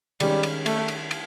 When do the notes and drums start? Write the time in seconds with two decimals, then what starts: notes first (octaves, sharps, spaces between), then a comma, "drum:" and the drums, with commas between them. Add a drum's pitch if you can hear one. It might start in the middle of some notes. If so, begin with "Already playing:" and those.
0.20 D#3 G3 G#3 C#4, drum: cymbal
0.43 drum: cymbal
0.66 A3, drum: cymbal
0.88 drum: cymbal
1.11 drum: cymbal